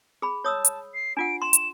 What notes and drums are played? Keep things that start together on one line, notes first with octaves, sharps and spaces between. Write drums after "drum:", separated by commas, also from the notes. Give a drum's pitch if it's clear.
G#4 B5
C#5 A5 D#6 E6
drum: hi-hat
C7
D4 F4 F#5 D7
C6 E7
drum: hi-hat